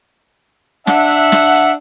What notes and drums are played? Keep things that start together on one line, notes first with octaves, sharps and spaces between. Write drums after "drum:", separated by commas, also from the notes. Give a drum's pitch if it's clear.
D4 E5 F#5, drum: snare
drum: hi-hat
drum: snare
drum: hi-hat